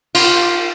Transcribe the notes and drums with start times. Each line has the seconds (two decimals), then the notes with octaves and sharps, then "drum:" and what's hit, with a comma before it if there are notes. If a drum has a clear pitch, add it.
0.15 F4, drum: cymbal